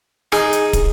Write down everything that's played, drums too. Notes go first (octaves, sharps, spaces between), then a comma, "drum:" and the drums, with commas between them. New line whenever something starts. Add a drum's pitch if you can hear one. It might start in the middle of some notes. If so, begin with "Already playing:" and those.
D#4 G#4, drum: rim click
drum: hi-hat
drum: kick, hi-hat